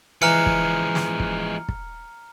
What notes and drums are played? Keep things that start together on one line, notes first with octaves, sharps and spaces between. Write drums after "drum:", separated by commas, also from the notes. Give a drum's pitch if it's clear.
E3 F3 G#3 A#5 F6 C#7
drum: kick
drum: snare
drum: kick
drum: kick